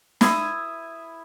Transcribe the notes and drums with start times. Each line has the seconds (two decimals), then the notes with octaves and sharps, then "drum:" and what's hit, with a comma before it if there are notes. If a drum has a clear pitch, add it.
0.21 E4 D#6 E6, drum: snare